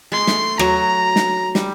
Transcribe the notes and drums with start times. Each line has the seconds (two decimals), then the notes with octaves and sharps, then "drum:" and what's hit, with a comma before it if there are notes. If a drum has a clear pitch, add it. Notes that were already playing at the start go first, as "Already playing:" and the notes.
0.12 G#3 C6
0.27 A3, drum: snare
0.59 F#3 A#5, drum: rim click
1.16 drum: snare
1.55 G3, drum: snare